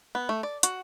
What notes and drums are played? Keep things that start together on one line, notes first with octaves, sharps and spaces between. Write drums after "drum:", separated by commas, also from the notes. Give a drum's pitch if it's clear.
B3
A3
D5
F#4, drum: hi-hat